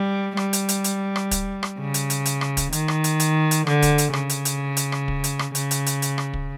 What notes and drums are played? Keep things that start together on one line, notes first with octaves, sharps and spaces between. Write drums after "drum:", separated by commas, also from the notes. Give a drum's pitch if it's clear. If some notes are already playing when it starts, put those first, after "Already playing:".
Already playing: G3
G3, drum: rim click
drum: hi-hat
drum: hi-hat
drum: hi-hat
drum: rim click
drum: kick, hi-hat
drum: rim click
C#3
drum: hi-hat
drum: hi-hat
drum: hi-hat
drum: rim click
drum: kick, hi-hat
D#3, drum: hi-hat
drum: rim click
drum: hi-hat
drum: hi-hat
drum: hi-hat
D3, drum: rim click
drum: kick, hi-hat
drum: hi-hat
C#3, drum: rim click
drum: hi-hat
drum: hi-hat
drum: hi-hat
drum: rim click
drum: kick
drum: hi-hat
drum: rim click
C#3, drum: hi-hat
drum: hi-hat
drum: hi-hat
drum: hi-hat
drum: rim click
drum: kick